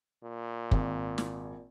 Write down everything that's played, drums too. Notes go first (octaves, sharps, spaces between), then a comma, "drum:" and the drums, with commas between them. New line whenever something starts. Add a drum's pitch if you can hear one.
A#2
G#1, drum: kick
drum: snare